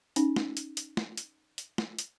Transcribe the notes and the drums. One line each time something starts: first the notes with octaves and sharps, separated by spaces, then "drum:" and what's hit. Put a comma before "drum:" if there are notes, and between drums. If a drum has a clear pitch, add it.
C#4 D#4, drum: hi-hat
drum: snare
drum: hi-hat
drum: hi-hat
drum: snare
drum: hi-hat
drum: hi-hat
drum: snare
drum: hi-hat